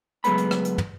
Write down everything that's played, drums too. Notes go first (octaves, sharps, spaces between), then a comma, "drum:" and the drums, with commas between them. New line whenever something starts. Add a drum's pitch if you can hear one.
C#2 F#3 G#3 A3 B3 B5, drum: hi-hat
drum: hi-hat
drum: rim click
drum: hi-hat
drum: tom